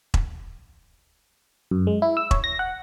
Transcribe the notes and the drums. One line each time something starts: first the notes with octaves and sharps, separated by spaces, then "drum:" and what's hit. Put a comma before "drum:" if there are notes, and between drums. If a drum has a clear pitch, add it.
drum: kick E1
F#2
G#3
E4
E6
C#5, drum: kick E1
A#6
F#5